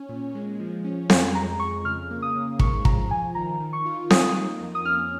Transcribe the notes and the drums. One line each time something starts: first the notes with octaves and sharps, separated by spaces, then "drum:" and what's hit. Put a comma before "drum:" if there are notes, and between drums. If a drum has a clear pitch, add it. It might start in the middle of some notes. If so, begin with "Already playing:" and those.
Already playing: C#4
A#2
G#3
F3
C#4
F2 G#5, drum: snare C4
G#3 A#5
F2 C#6
C#3 F6
A#3
D#6
C#3
G#2 C#6, drum: kick
F3 A#5, drum: kick
F3 G#5
D#3 A#5
D#3
C#6
F4
D#4 D#6, drum: snare C4
A#3
F2
D#6
C#4 F6